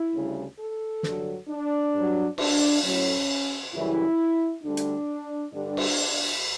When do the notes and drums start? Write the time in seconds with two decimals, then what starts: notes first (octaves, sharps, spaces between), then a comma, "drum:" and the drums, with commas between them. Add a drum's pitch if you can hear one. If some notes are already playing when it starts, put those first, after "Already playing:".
Already playing: E4
0.13 D2 C#3 G3
0.58 A4
1.03 G2 D3 F#3, drum: snare
1.48 D4
1.93 G2 F#3
2.38 D4, drum: cymbal
2.83 A2 F#3 C#4
3.73 F#2 C#3 E3 G3 E4
4.63 D2 D3 G3 D4
4.77 drum: hi-hat
5.53 G2 D3 G3 D4
5.77 drum: cymbal